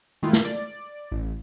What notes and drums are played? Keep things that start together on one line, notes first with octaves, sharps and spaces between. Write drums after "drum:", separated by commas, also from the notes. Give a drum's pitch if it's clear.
D#3 G#3 A3 E4 F4
drum: snare
D5
A1